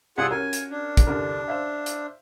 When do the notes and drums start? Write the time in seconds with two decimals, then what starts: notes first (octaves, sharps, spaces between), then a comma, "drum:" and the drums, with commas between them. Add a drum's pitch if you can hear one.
0.18 C2 F4 G#4 F#5 D#6 E6
0.31 C#4 F#4 A#4 G#5
0.53 drum: hi-hat
0.71 D4
0.97 drum: kick, hi-hat
1.07 C2 D3 A#4
1.48 C5 E5 F5
1.86 drum: hi-hat